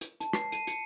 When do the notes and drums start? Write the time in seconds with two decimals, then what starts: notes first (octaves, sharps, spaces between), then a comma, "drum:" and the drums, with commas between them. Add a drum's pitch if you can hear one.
0.01 drum: hi-hat
0.20 A5, drum: hi-hat
0.33 C7, drum: rim click
0.52 D#7, drum: hi-hat
0.67 C#7, drum: hi-hat